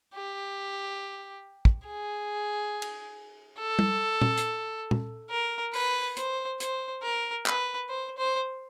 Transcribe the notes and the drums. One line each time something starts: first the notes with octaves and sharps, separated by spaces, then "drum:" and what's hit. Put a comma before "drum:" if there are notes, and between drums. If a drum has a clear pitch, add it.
G4
drum: kick
G#4
drum: cymbal
A4
drum: tom G3
drum: tom A#2
drum: hi-hat
drum: tom A#2
A#4
B4, drum: open hi-hat
C5, drum: hi-hat
C5, drum: hi-hat
A#4
B4, drum: clap
C5
C5